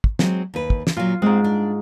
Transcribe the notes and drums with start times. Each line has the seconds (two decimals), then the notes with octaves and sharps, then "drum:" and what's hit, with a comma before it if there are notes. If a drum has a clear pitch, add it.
0.04 drum: kick
0.19 F#3 G#3 C4, drum: snare
0.54 D#2 B4
0.70 drum: kick
0.87 drum: snare
0.97 A#2 F#3 F4
1.22 G#2 G#3 C4
1.44 D4